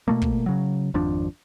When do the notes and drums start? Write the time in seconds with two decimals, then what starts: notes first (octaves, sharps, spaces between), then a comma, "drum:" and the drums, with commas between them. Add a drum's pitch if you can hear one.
0.08 B2 A3 A#3
0.22 drum: kick
0.46 C#3 F#3
0.94 G#1 F2 F3 D4